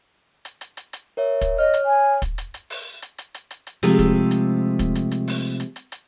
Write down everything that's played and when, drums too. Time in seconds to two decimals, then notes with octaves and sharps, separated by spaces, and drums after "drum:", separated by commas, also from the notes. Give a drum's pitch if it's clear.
0.45 drum: hi-hat
0.61 drum: hi-hat
0.77 drum: hi-hat
0.93 drum: hi-hat
1.17 A#4 C#5 E5
1.41 drum: kick, hi-hat
1.58 C#5 D#5 F6
1.74 drum: hi-hat
1.86 G#5
2.22 drum: kick, hi-hat
2.38 drum: hi-hat
2.54 drum: hi-hat
2.70 drum: open hi-hat
3.02 drum: hi-hat
3.18 drum: hi-hat
3.34 drum: hi-hat
3.51 drum: hi-hat
3.67 drum: hi-hat
3.83 C3 F3 G#3 A3, drum: hi-hat
3.99 drum: kick, hi-hat
4.31 drum: hi-hat
4.79 drum: kick, hi-hat
4.95 drum: hi-hat
5.11 drum: hi-hat
5.28 drum: open hi-hat
5.60 drum: hi-hat
5.76 drum: hi-hat
5.92 drum: hi-hat